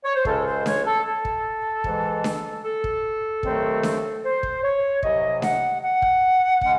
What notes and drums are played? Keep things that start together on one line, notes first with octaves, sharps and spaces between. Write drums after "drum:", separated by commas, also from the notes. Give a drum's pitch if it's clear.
C#5
C5
C#2 C#3 G#3 C#4 A4, drum: kick
C5
C#5, drum: snare D4
A4
A4
drum: kick
G#2 E3 G#3, drum: kick
drum: snare D4
A4
drum: kick
D#2 D#3 F#3 A3 C4, drum: kick
drum: snare D4
C5
drum: kick
C#5
C2 C3 F#3 D#5, drum: kick
F#5, drum: snare D4
F#5
drum: kick
C#3 G#3 C#4, drum: kick